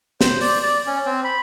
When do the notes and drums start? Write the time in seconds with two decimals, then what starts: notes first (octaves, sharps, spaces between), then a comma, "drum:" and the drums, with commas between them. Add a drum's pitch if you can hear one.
0.21 C5, drum: snare
0.41 D5, drum: open hi-hat
0.63 D5
0.87 C#4
1.06 C4
1.24 B5